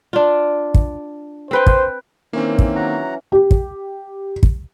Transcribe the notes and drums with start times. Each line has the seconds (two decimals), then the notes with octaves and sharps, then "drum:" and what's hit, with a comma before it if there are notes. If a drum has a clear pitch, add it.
0.13 D4 F4
0.74 drum: kick
1.51 C4 B4 C5 G5
1.67 drum: kick
2.33 D#3 E3 A#3 C4 C#4
2.59 drum: kick
2.76 F#3 F#5 A#5
3.32 G4
3.51 drum: kick
4.43 drum: kick